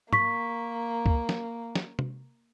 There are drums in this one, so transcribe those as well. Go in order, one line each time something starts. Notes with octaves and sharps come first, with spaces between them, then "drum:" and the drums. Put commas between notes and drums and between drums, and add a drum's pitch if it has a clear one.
A#3 C#6 B6, drum: tom
drum: kick
drum: snare
drum: snare
drum: tom